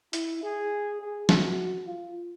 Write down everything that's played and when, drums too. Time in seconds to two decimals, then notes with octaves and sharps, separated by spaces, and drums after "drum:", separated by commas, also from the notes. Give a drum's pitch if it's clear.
0.13 E4, drum: hi-hat
0.43 G#4
1.00 G#4
1.29 F#4, drum: snare
1.86 F4